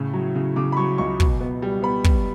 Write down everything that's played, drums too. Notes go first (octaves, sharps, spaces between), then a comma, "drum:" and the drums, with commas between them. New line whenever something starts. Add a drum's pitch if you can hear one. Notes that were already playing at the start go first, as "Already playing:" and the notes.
Already playing: A2 C#3
F#3
C#3
C#3 D6
B5
F#3 C#6
C#2 C#6
B2, drum: kick
B3
G3
B3 B5
G3, drum: kick